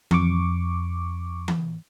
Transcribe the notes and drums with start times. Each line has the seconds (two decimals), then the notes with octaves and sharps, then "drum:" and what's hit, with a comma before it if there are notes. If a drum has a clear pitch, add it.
0.11 F2 C#6 D6, drum: tom E3
1.48 drum: tom E3